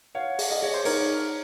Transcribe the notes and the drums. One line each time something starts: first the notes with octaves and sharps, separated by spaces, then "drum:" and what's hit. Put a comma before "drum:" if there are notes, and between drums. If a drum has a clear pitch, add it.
C#5 F5 F#5
G#4, drum: open hi-hat
D#5
G#4 C#5
C5
D#4 A#4 C#5, drum: open hi-hat